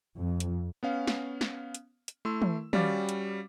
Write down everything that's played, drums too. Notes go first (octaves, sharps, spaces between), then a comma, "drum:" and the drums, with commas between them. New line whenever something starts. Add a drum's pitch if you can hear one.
F2
drum: hi-hat
B3 C#4 F5
drum: snare
drum: snare
drum: hi-hat
drum: hi-hat
A3 E4 C6 E6
drum: tom
G3 C#4 F#4 F5 D6 A6, drum: tom
drum: hi-hat